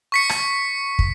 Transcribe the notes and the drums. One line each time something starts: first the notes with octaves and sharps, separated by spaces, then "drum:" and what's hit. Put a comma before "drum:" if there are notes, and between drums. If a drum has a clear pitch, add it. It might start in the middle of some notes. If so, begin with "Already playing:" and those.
C#6 B6 C#7
drum: rim click
drum: kick